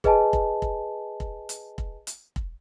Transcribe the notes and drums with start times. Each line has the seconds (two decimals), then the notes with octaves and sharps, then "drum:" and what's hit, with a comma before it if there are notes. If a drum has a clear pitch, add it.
0.04 G#4 B4 D#5 G#5 A5, drum: kick
0.33 drum: kick
0.62 drum: kick
1.20 drum: kick
1.49 drum: hi-hat
1.78 drum: kick
2.07 drum: hi-hat
2.36 drum: kick